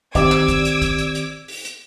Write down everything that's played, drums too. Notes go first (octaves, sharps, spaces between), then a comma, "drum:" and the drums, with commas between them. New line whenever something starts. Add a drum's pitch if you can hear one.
D#3 C4 G4 D5 D6 E6 G#6, drum: kick, hi-hat
drum: clap
drum: kick, hi-hat
drum: hi-hat
drum: kick, hi-hat
drum: hi-hat
drum: hi-hat
drum: open hi-hat
drum: hi-hat